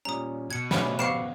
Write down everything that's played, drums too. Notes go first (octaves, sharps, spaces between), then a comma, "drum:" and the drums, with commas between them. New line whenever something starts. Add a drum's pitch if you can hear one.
A#2 G3 C#4 A#5 D#6
B2 G#6 C#7
C#3 F#3 G3 A3 B3, drum: snare
C3 G3 B3 F5 C#6 C7 E7